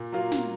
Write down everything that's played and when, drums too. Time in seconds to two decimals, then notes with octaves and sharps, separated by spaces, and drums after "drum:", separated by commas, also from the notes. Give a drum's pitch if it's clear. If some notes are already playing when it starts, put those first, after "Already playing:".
Already playing: A#2
0.12 F#3 A#3 F4
0.32 drum: snare